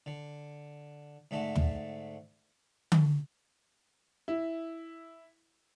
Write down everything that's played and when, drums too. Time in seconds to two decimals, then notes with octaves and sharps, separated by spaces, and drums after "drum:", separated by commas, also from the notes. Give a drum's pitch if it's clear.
0.06 D3
1.31 G#2 D3 A3
1.55 drum: tom
2.92 drum: tom D3
4.28 E4